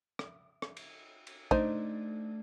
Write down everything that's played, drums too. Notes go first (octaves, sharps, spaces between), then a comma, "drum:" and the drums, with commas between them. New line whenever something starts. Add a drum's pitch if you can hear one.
drum: rim click
drum: rim click
drum: cymbal
drum: cymbal
A3 D4 D#4 C5, drum: kick